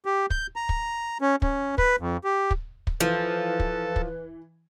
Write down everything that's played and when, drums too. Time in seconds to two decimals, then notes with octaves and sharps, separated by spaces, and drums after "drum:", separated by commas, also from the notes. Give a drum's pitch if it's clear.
0.05 G4
0.30 G6, drum: kick
0.56 A#5
0.69 drum: kick
1.21 C#4
1.42 C#4, drum: kick
1.78 B4, drum: kick
2.00 F2
2.24 G4
2.51 drum: kick
2.87 drum: kick
3.00 E3 F3 A4 B4
3.60 drum: kick
3.96 drum: kick